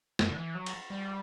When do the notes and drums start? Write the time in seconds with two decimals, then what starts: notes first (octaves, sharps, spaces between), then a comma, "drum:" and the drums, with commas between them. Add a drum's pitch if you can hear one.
0.19 F#2, drum: snare
0.30 D3
0.37 E3
0.55 F#3
0.66 drum: cymbal
0.90 G3